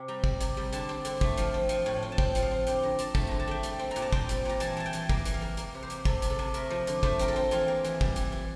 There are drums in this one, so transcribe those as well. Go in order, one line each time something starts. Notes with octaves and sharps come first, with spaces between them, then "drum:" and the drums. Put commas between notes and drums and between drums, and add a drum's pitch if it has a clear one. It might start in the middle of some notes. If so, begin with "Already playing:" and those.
Already playing: C3 G5
G3 A#5
G3, drum: kick
C3, drum: hi-hat
G3
D3 A5, drum: hi-hat
C4
D3, drum: hi-hat
A3, drum: kick
F3, drum: hi-hat
C4
F3, drum: hi-hat
A2
C4
A5
C4 G5, drum: kick
F3, drum: hi-hat
F5
C4
D3 G5, drum: hi-hat
D3 A#5
C4 A5, drum: hi-hat
A3 A5, drum: kick
D3 A#5
A5
A3 G5
G3, drum: hi-hat
C4
A#5
A#2, drum: hi-hat
A5
C4 G5, drum: kick
G3, drum: hi-hat
A#2 A#5
E3 A5, drum: hi-hat
E3 A5
G5
E3, drum: hi-hat
A#3 A#5, drum: kick
E3, drum: hi-hat
F5
A#3
A#3, drum: hi-hat
C3
C5
A#3, drum: hi-hat
C3 A4, drum: kick
C3, drum: hi-hat
A4
C3
A3 A#4, drum: hi-hat
F3
D3, drum: hi-hat
A3 C5, drum: kick
C4 A#4, drum: hi-hat
A4
C4
E3 F4, drum: hi-hat
A#3
E3, drum: hi-hat
G3, drum: kick
E3, drum: hi-hat
E3